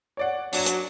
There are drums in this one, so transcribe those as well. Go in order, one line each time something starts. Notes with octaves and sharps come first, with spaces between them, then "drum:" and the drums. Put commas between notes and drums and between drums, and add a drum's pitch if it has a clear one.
C#5 D5 F#5
F#3 D4 D5 E7, drum: open hi-hat
drum: hi-hat